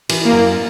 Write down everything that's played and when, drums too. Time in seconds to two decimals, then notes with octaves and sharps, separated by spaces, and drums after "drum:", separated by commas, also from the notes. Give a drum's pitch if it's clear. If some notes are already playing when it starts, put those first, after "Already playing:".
0.09 E3, drum: cymbal
0.25 A#3
0.32 F#2